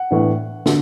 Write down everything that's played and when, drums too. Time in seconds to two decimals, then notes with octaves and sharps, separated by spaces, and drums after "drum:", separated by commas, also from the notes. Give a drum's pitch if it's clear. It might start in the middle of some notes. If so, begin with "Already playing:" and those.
Already playing: F#5
0.11 A2 E3 B3 D4
0.66 D3, drum: snare